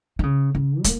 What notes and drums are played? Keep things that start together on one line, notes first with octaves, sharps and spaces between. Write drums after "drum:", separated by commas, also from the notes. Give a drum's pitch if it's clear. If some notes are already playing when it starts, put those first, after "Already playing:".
D#3
C#3
C#3
A#3, drum: kick, hi-hat